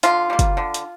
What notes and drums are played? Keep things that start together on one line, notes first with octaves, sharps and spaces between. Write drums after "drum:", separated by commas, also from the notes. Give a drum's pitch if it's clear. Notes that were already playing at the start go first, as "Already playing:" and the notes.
D3 F4, drum: hi-hat
G3 A#3
drum: kick, hi-hat
D3
drum: hi-hat